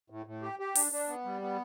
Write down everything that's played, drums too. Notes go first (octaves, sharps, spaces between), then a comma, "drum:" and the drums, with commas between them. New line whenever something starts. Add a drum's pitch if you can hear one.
A2
A2
G4
G4
D4, drum: open hi-hat
D4
B3
G3
B3